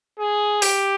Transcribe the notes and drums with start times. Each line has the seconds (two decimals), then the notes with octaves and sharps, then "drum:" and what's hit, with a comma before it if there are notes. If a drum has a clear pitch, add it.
0.19 G#4
0.62 G4, drum: open hi-hat